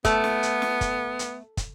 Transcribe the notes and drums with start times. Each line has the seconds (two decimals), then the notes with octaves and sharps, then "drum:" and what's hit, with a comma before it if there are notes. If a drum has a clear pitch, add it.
0.05 A3 B3, drum: kick, hi-hat
0.24 drum: snare
0.43 drum: hi-hat
0.62 drum: snare
0.81 drum: kick, hi-hat
1.19 drum: hi-hat
1.57 drum: kick, hi-hat